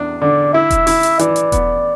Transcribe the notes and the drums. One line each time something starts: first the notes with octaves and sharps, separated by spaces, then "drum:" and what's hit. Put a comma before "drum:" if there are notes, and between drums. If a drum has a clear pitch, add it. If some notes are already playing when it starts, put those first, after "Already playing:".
Already playing: E2 D4
D3 D5
E4 E5
drum: kick E1, hi-hat
E4, drum: open hi-hat
drum: hi-hat
E3 D5, drum: hi-hat
drum: hi-hat
B3, drum: kick E1, hi-hat